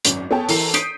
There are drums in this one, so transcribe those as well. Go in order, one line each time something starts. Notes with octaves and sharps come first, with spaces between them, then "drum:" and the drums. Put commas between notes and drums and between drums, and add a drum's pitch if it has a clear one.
G#1 F#2, drum: hi-hat
B3 G#4 A4 C#5 G5 A5
E3 A4 A#4 A#5 C7, drum: open hi-hat
D#6 G6 B6 C7 D7 D#7, drum: hi-hat